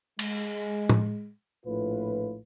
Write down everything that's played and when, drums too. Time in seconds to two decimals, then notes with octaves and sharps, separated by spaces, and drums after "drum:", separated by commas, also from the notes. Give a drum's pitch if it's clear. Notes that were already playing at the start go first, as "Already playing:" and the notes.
0.19 G#3, drum: cymbal
0.90 drum: tom A2
1.66 A#1 A2 F4 B4